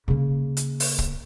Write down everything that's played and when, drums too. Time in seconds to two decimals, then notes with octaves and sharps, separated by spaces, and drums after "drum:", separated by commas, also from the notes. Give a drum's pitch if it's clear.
0.08 C#3 A#3
0.57 drum: hi-hat
0.80 drum: open hi-hat
0.99 drum: kick